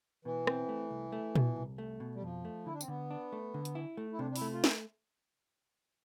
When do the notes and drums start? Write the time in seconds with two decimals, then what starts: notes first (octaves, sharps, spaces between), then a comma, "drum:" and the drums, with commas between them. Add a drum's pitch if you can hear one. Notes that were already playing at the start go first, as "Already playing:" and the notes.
0.25 B2 E3
0.47 C4, drum: rim click
0.69 A3
0.91 C2
1.12 A3
1.36 B2, drum: tom A#2
1.56 C2
1.78 A3
2.00 B2
2.15 G3
2.22 F2 F3
2.45 A3
2.66 D3 E4
2.73 D4
2.81 C4, drum: tambourine
2.88 D3 B3
3.11 D4
3.32 A3
3.54 D3
3.65 drum: hi-hat
3.75 E4
3.97 A3
4.12 E4
4.19 C3 D4
4.31 D4
4.36 E4, drum: open hi-hat
4.41 A3
4.53 F4
4.64 drum: snare